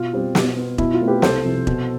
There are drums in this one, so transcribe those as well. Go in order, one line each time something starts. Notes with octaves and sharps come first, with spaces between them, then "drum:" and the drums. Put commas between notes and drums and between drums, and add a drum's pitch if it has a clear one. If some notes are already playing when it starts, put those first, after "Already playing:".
Already playing: B2 F4
G3 C4
B2, drum: snare
B3
B2 E4, drum: kick E1
F4
A3 C4
G4 B4
C2 A4 C5, drum: snare
C3 F3
B2, drum: kick E1